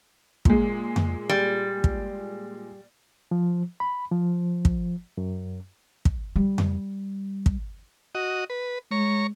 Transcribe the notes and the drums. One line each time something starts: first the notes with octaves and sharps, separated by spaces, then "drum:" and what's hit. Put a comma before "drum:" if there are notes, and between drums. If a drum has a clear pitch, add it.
A#2 G#3, drum: kick
drum: tom F2
G3
drum: kick
F3
B5
F3
drum: kick
F#2
drum: kick
G3
drum: tom F2
drum: kick
F#4 D#5
B4
G#3 C#5 A#5 C#6